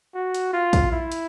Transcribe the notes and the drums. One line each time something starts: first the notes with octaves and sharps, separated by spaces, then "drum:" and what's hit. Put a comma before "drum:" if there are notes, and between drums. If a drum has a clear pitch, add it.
F#4
drum: hi-hat
F4
drum: kick, hi-hat
E4
drum: hi-hat